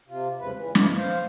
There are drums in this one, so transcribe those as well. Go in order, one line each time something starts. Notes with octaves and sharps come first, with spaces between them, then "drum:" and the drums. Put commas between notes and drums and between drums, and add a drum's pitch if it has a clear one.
C3 F4
E2 G#2 C#3 F3 B4
E2 E3
F#2 C#3 G#3 E4, drum: snare
C5 F5